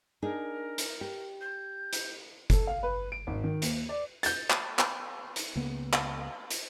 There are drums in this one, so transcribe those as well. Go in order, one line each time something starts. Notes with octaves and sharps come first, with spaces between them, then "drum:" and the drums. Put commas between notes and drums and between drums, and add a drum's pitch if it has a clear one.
D4 D#4 G#4 A#4
drum: hi-hat
G4
G6
drum: hi-hat
A4, drum: kick, hi-hat
F5
B4
D7
G#1
D#3
D#2, drum: hi-hat
D5
G6 A6, drum: hi-hat
drum: clap
drum: clap
drum: hi-hat
C#2 C#3 A#3 B3
drum: clap
drum: hi-hat